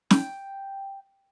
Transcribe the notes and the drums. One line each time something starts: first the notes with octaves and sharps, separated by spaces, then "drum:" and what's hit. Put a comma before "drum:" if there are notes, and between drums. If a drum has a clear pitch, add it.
G5, drum: snare